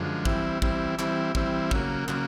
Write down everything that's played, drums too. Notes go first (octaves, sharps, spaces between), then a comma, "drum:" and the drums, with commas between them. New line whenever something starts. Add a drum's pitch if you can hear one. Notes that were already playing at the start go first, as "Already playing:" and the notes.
Already playing: F#2 D3 F3 G#3
E3 G3 C4 E4, drum: kick
E3 G3 C4 E4, drum: kick
E3 G3 C4 E4, drum: clap
E3 G3 C4 E4, drum: kick
C#3 F#3 A#3, drum: kick
C#3 F#3 A#3, drum: clap